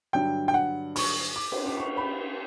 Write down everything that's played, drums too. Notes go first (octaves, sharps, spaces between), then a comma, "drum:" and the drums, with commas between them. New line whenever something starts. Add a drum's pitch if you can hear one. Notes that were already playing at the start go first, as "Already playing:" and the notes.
G2 D3 F#3 G5
G5
F#5
C#6, drum: open hi-hat
D6
drum: cymbal
D6
C#6
B5